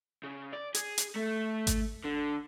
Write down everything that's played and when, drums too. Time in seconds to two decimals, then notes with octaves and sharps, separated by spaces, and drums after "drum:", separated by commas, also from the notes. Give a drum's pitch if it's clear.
0.23 C#3
0.52 D5
0.75 G#4, drum: hi-hat
0.98 drum: hi-hat
1.16 A3
1.67 drum: kick G#1, hi-hat
2.05 D3